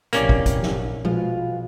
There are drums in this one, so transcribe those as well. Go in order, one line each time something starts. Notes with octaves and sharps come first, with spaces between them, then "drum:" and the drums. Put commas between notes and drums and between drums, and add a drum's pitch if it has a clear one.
A#1 C3 A#3 C#4 E4 G4 D5, drum: hi-hat
drum: kick
drum: kick, hi-hat
drum: snare
B2 F3 G#3 F4 F5